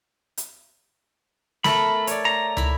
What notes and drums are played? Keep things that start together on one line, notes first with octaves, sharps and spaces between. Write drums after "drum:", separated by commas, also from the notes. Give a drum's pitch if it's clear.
drum: hi-hat
A3 A4 A#4 B5, drum: snare
C#5 D5, drum: hi-hat
A#5
E4 B5, drum: tom